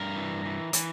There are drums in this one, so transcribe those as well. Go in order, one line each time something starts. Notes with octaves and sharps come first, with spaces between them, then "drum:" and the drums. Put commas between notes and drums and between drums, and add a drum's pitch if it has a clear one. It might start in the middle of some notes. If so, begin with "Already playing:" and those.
Already playing: G2 A#4
E3
E3
E3, drum: hi-hat